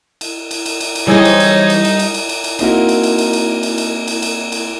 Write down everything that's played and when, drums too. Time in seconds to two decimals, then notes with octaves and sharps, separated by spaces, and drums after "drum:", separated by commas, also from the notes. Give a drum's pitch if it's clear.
0.21 drum: cymbal
0.51 drum: cymbal
0.66 drum: cymbal
0.80 drum: cymbal
0.95 drum: cymbal
1.07 E3 G3 D#4 G#4 C5 C#5
1.25 drum: cymbal
1.40 drum: cymbal
1.70 drum: cymbal
1.85 drum: cymbal
1.99 drum: cymbal
2.14 drum: cymbal
2.29 drum: cymbal
2.44 drum: cymbal
2.59 A#3 C4 D#4 E4 F#4 A#4, drum: cymbal
2.89 drum: cymbal
3.03 drum: cymbal
3.18 drum: cymbal
3.33 drum: cymbal
3.63 drum: cymbal
3.78 drum: cymbal
4.08 drum: cymbal
4.22 drum: cymbal
4.52 drum: cymbal